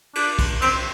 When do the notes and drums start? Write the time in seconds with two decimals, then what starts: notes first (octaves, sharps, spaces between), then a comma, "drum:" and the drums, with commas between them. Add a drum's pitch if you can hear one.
0.15 D4, drum: cymbal
0.39 drum: kick, cymbal
0.62 C4, drum: cymbal